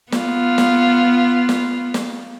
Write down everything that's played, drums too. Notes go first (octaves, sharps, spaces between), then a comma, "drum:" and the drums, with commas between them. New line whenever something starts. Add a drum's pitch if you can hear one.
B3 F4, drum: snare
drum: snare
drum: snare
drum: snare